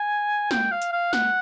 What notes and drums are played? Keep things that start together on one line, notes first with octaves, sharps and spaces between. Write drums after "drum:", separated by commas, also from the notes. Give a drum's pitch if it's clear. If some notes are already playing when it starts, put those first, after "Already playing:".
Already playing: G#5
G5, drum: snare
F5
drum: hi-hat
F5
F#5, drum: snare